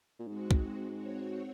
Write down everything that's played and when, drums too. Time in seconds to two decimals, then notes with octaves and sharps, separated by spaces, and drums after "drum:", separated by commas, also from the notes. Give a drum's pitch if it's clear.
0.19 A#2
0.27 G#2 G#3 C4 F#4
0.51 drum: kick
0.96 C4 F#4 C#5